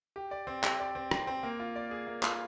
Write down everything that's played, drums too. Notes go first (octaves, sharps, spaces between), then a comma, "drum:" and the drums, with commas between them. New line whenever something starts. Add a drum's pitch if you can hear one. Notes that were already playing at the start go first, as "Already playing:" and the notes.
G4
D5
C4
G4, drum: clap
D5
C4
C4, drum: rim click
C4
A#3
F4
D5
G#4
A#3
F4, drum: clap